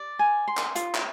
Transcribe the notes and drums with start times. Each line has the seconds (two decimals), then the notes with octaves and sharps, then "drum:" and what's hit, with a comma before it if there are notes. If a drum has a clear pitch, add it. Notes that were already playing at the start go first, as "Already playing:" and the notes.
Already playing: D5
0.19 G#5
0.48 C6
0.57 drum: clap
0.75 F4, drum: hi-hat
0.95 drum: clap